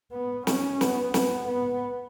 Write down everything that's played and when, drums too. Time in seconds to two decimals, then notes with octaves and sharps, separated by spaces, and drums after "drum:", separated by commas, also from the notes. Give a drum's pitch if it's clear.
0.12 B3
0.47 C#4, drum: snare
0.81 B3, drum: snare
1.14 B3, drum: snare
1.48 B3